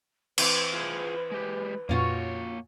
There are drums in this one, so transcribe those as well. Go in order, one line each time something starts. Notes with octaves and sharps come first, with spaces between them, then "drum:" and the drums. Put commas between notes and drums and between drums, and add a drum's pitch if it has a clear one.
E3 C4 B4, drum: cymbal
F4 G#4
G#3 G4
F2 A#2 A#3 C#4 F4 F#4 C#5